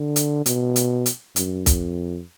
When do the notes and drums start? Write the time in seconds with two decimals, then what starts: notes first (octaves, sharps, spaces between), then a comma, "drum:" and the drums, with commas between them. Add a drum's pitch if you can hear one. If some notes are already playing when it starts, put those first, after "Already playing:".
Already playing: D3
0.16 drum: hi-hat
0.46 B2, drum: hi-hat
0.76 drum: hi-hat
1.06 drum: hi-hat
1.36 F#2, drum: hi-hat
1.66 F2, drum: kick, hi-hat